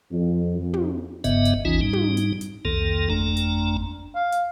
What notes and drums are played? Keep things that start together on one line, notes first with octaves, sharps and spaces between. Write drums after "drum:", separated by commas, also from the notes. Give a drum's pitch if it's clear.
F2
F2
drum: tom
F#1 G2 C#3 B3 D#5 E5, drum: hi-hat
drum: hi-hat
G#1 D#2 E3 C#4 D#4 F4
G#2 G3 D#4
drum: tom
drum: hi-hat
drum: hi-hat
C2 F2 D#3 A#3 A4
G1 F2 A3 D4 A#5
drum: hi-hat
F5
drum: hi-hat